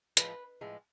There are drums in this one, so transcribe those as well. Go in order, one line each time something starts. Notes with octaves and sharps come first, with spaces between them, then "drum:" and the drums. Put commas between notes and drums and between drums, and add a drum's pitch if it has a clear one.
A2 F3 G#3 B4, drum: hi-hat
A2 F3 G#3